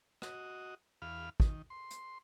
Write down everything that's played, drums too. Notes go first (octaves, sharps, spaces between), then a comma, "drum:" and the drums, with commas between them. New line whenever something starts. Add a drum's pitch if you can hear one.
F#4 D#5, drum: rim click
E2 F5 B5 F6
D#3, drum: kick
C6
drum: hi-hat